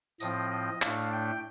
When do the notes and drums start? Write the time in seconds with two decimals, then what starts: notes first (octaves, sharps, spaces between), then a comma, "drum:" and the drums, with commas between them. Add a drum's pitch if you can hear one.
0.20 A2 F3 C4 D#5, drum: tambourine
0.51 D#5
0.82 A2 A3 D4 F5, drum: clap
1.13 G5